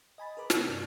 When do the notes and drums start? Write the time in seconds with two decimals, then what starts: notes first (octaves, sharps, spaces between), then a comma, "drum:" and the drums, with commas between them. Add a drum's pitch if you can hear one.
0.18 D#5 G#5 B5 A6
0.37 G#4 A#4 B4 B5 D6
0.50 C3 A3 F#6, drum: snare
0.68 G2 D5 F6 G6